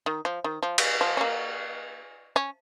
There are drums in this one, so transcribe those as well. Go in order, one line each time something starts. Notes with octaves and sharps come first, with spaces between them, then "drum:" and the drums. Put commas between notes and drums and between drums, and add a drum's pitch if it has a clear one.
D#3
F3
D#3
F3
drum: cymbal
F3
C#4
A#3
C#4